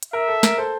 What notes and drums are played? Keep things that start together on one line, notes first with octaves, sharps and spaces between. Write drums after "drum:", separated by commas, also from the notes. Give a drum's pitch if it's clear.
drum: hi-hat
A#4 E5
A4
A#4, drum: snare
A4 C5